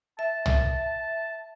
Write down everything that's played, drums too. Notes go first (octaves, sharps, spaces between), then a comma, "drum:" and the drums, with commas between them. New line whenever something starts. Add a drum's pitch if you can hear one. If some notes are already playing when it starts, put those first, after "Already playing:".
E5 A5
drum: tom